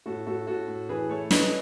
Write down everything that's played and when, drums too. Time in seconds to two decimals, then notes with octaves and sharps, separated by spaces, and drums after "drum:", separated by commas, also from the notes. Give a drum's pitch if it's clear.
0.06 A2 F#4 A4
0.26 A2 F#4 A4
0.47 A2 F#4 A4
0.68 A2
0.89 E3 G#4 B4
1.09 A3 A4 C#5
1.31 C#4 B4 D#5, drum: snare